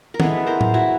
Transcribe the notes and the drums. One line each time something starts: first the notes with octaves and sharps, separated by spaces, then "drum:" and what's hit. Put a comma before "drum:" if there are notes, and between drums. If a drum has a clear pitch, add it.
A#4
E3 G#3 B3 A4 B4, drum: tom
A#4 C5
drum: tom A2
E4 F#4